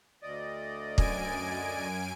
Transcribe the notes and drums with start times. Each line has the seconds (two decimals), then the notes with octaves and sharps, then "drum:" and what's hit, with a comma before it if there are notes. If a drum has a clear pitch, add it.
0.23 D2 D5 D#5
0.98 F#2 G#5 D7, drum: kick